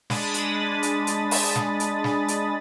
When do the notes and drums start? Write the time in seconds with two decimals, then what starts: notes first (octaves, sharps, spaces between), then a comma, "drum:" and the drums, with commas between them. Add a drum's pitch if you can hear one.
0.10 G#3 D4 B5 D#6 A6, drum: snare
0.34 drum: hi-hat
0.83 drum: hi-hat
1.07 drum: hi-hat
1.31 drum: open hi-hat
1.56 drum: snare
1.80 drum: hi-hat
2.04 drum: snare
2.28 drum: hi-hat